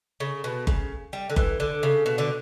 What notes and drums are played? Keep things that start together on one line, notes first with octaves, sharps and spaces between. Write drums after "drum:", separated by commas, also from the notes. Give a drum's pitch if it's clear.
C#3
B2
C#3, drum: kick F#1
G3
D3
E3, drum: kick F#1
D3
C#3
B2
D3